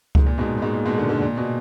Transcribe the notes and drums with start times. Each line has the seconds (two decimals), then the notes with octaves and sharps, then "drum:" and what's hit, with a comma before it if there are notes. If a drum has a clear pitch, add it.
0.15 G#2, drum: kick C#2
0.26 A#2
0.38 G#2 B2
0.57 A#2
0.62 G#2 B2
0.74 A#2
0.86 G#2 B2
0.98 A#2 D3
1.09 A#2 D3
1.22 A#2
1.37 B2